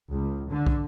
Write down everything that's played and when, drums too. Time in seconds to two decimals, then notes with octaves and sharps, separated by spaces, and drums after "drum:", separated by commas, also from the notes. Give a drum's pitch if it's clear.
0.12 C#2
0.51 D3
0.67 drum: kick